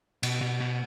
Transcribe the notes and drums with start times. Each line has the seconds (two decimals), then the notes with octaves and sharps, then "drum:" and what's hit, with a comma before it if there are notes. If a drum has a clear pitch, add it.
0.23 B2, drum: cymbal
0.41 B2
0.60 B2